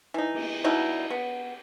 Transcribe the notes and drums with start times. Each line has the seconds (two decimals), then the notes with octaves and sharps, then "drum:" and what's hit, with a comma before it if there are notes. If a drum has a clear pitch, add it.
0.14 E3 D#4
0.34 drum: cymbal
0.64 B2 G3 D#4 E4
1.10 B3